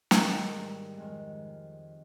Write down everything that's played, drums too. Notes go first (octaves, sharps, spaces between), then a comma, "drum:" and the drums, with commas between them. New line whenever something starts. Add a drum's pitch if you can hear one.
G#2 D#3 G#3 A#4, drum: snare
A#4
A#4
G#2 G3
F2 D#3 G#3